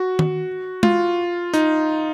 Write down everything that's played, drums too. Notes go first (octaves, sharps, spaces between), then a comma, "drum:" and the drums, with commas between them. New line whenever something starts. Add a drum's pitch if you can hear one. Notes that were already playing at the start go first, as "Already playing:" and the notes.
Already playing: F#4
drum: tom D#3
F4, drum: tom
D#4, drum: hi-hat